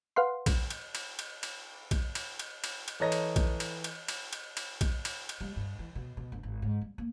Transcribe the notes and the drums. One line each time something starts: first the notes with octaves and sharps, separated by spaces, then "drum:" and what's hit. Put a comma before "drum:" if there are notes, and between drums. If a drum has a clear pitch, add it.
B4 F5 F#5 C6
drum: kick A#1, cymbal
drum: cymbal
drum: cymbal
drum: cymbal
drum: cymbal
drum: kick A#1, cymbal
drum: cymbal
drum: cymbal
drum: cymbal
drum: cymbal
E3 A4 C#5 D#5 A#5 A#6
drum: cymbal
drum: kick A#1, cymbal
drum: cymbal
drum: cymbal
drum: cymbal
drum: cymbal
drum: cymbal
drum: kick A#1, cymbal
drum: cymbal
drum: cymbal
G3
G2
E3
B2
B2
G1
G#1
G#2
G3
A#3